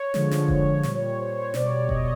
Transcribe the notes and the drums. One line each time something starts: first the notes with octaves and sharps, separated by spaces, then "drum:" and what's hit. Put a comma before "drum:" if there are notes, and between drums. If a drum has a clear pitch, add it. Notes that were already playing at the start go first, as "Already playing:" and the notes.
Already playing: C#5
D3 F3 G#3, drum: snare
drum: snare
C#5, drum: kick F1
C#5
A#2 G3 C#5, drum: snare
C#5
C#5
C5
C#5
B2 G3 D5, drum: snare
C#5
C#5
D#5, drum: kick F1